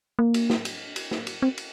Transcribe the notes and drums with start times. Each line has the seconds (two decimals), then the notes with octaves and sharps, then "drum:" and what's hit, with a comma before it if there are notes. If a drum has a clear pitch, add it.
0.19 A#3
0.34 drum: cymbal
0.50 drum: snare
0.65 drum: cymbal
0.96 drum: cymbal
1.11 drum: snare
1.27 drum: cymbal
1.42 C4
1.58 drum: cymbal